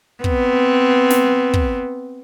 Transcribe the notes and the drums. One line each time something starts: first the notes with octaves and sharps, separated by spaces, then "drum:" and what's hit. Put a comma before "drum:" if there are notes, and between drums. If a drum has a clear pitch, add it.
B3 C4, drum: kick
drum: snare
drum: kick